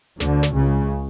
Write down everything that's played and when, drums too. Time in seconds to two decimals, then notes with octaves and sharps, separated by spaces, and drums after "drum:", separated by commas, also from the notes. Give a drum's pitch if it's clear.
0.20 D2 D3, drum: snare
0.43 drum: snare
0.54 C#2 C#3